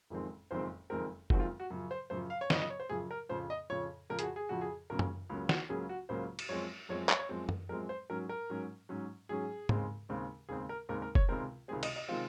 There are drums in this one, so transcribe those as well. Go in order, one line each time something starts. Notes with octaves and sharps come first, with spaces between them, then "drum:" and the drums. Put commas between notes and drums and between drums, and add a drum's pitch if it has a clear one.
F#1 F2 D#3 G#3 C4
F#1 F2 D#3 G#3 C4 C5
F#1 F2 D#3 G#3 C4 A#4
F#1 F2 D#3 G#3 C4 F#4, drum: kick
F4
F#4
F#2 C#3 F3
C5
F#2 C#3 F3 C5
F5
C#5
F#2 C#3 F3 D#5, drum: snare
D#5
C#5
C5
F#2 C#3 F3 G#4
A#4
F2 C#3 F3 C5
D#5
F2 C#3 F3 C#5
F2 C#3 F3 A#4
G#4, drum: hi-hat
F#4
G#4
F2 C#3 F3 F#4
G#4
C#2 C#3 F#3 A#3 C#4 A#4
drum: tom F#2
C#2 C#3 F#3 A#3 C#4
F#4, drum: snare
C#2 C#3 F#3 A#3 C#4 G#4
F#4
C#2 C#3 F#3 A#3 C#4 C5
drum: cymbal
F#2 F3 G#3 C4 C#5
F#2 F3 G#3 C4 C#5
C#5, drum: clap
C#5
F#2 F3 G#3 C4
drum: tom F#2
F#2 F3 G#3 C4 A#4
C5
G#2 F#3 C#4 A#4
A#4
G#2 F#3 C#4
G#2 F#3 C#4
G#2 F#3 C#4 G#4
D#2 C#3 G#3 C4, drum: tom G#2
D#2 C#3 G#3 C4
D#2 C#3 G#3 C4 G#4
A#4
D#2 C#3 G#3 C4 A#4
A#4
C#5, drum: kick
C#2 C3 D#3 G#3 C4 A#4
C#2 C3 D#3 G#3 C4 G#4
D#5, drum: cymbal
D#5
C3 D#3 G#3 C4 F4